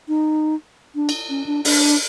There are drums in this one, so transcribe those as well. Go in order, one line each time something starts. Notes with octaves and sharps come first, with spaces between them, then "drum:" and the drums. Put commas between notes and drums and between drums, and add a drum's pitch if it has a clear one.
D#4
D4
drum: cymbal
C#4
D4
D4, drum: open hi-hat